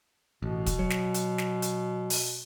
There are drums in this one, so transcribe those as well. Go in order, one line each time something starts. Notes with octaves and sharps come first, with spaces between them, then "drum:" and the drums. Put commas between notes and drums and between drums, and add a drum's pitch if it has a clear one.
A1 B2
drum: kick, hi-hat
F#3
drum: snare
drum: hi-hat
drum: snare
drum: hi-hat
drum: open hi-hat